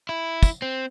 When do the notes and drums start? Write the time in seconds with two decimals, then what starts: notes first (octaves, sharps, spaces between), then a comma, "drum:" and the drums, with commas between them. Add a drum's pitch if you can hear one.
0.09 E4
0.43 drum: kick, tambourine
0.62 C4